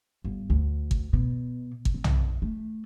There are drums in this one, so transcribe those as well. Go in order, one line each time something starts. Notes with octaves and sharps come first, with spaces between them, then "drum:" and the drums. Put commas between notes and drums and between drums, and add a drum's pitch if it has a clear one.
G1
D2
drum: kick
B2
drum: kick
C4
drum: tom B1
A3